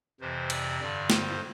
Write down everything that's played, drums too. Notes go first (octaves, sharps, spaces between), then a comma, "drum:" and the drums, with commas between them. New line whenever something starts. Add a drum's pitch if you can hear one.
F2 C3 E3 C5
D5, drum: cymbal
G2 D3 D5
C5, drum: snare